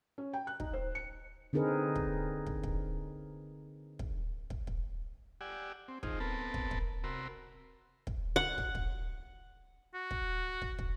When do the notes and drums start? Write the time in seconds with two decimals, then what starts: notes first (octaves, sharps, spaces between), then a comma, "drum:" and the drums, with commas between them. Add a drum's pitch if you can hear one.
0.18 C#4
0.33 G5
0.47 F#6
0.60 D#4, drum: kick
0.74 C5
0.95 C#7
1.53 D3 C4 D#4 G#4 A#4 B4
1.96 drum: kick
2.46 drum: kick
2.63 drum: kick
3.99 drum: kick
4.50 drum: kick
4.67 drum: kick
5.41 G4 D5 F#5 G#5 E6
5.88 C4
6.03 D#3 D#4 F4 G#4 C5, drum: kick
6.20 B3 C4 A4 A#4 A5 B5
6.54 drum: kick
6.71 drum: kick
7.04 C3 F#4 A#4 B5 C6 E6
8.07 drum: kick
8.36 F#5
8.58 drum: kick
8.75 drum: kick
9.94 F#4
10.11 drum: kick
10.62 drum: kick
10.79 drum: kick